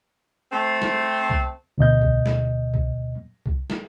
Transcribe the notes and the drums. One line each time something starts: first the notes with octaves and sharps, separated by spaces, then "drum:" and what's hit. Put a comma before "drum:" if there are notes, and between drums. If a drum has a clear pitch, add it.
A3 C4
drum: snare
drum: kick C2
D2 B2 D#5 G6
drum: kick C2
drum: snare
drum: kick C2
drum: kick C2
drum: snare